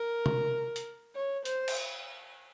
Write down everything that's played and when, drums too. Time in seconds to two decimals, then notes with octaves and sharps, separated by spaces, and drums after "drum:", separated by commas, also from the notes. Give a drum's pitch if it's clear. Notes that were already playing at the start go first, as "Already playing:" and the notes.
Already playing: A#4
0.26 drum: tom C3
0.76 drum: hi-hat
1.15 C#5
1.45 C5, drum: hi-hat
1.68 drum: cymbal